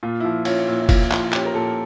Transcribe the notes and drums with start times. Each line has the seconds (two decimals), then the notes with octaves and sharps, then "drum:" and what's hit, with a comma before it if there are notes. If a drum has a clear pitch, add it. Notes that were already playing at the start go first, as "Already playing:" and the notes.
0.03 A#2 F4
0.20 E4
0.24 F3 F4
0.45 C#4 F4, drum: cymbal
0.68 A#2 E4
0.82 E4
0.89 A#2 F4, drum: kick, cymbal
1.11 F3 F4, drum: clap
1.24 F4
1.32 C#4 G4, drum: clap
1.45 A#4
1.54 A#2 A4